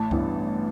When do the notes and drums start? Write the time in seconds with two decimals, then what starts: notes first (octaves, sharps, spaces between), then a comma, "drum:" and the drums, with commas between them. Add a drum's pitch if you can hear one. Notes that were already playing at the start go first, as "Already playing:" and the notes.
Already playing: A1 A5
0.11 G2 E3 B3, drum: kick C#2